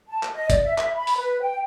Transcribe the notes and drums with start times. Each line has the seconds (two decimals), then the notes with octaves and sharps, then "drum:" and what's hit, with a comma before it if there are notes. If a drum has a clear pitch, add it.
0.08 A5
0.23 drum: clap
0.34 D#5
0.50 D5, drum: kick G#1, hi-hat
0.65 E5
0.78 E5, drum: clap
0.95 B5
1.07 drum: open hi-hat
1.18 B4
1.41 G5